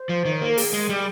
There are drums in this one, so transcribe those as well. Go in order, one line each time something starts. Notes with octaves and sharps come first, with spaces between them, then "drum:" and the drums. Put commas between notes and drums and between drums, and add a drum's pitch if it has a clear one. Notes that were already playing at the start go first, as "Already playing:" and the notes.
Already playing: C5
F3
D#3
C#5
A#3 C5
A#4
G#4, drum: open hi-hat
G#3
G3